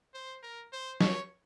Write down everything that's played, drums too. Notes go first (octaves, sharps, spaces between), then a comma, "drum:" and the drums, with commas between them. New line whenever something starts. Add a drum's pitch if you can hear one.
C5
A#4
C5
C#5, drum: snare